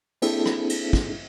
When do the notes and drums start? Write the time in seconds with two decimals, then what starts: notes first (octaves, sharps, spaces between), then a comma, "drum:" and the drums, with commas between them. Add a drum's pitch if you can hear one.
0.22 A#3 C4 D4 E4 G#4 A4, drum: cymbal
0.46 drum: rim click
0.69 drum: cymbal
0.93 drum: kick